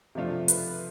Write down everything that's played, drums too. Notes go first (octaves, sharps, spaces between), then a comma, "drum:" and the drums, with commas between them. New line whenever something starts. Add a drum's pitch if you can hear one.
C3 F3 A3 D4 F4
B4, drum: hi-hat